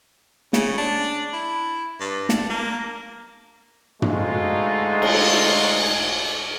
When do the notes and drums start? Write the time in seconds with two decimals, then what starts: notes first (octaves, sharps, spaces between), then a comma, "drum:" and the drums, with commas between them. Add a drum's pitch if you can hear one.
0.53 C#3, drum: snare
0.78 D4
1.33 E4
2.00 G2
2.29 D4, drum: snare
2.50 A#3
4.02 D2 G#3 A3 D#4 F4 F#4, drum: tom
5.02 drum: cymbal